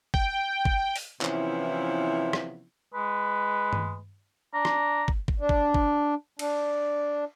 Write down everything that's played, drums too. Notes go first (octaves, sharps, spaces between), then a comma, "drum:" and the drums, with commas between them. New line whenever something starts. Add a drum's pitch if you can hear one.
G5, drum: kick
drum: kick
drum: open hi-hat
C3 E3 F3 B3 C#4 E4, drum: clap
drum: rim click
G#3 B4
drum: tom G2
D4 A#5
drum: rim click
drum: kick
drum: kick
D4
drum: kick
drum: kick
D4, drum: cymbal